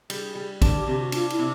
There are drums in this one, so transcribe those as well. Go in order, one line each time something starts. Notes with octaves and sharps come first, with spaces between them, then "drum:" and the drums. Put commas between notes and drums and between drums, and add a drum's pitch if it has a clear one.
G3 G#4, drum: cymbal
G3
D4 G4, drum: kick, cymbal
G4
C3 G4
F#4
D4 F4, drum: cymbal
E4, drum: cymbal
C3